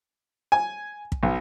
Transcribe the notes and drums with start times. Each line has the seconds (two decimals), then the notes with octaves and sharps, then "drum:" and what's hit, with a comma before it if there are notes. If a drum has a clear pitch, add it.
0.52 G#5
1.12 drum: kick
1.23 B1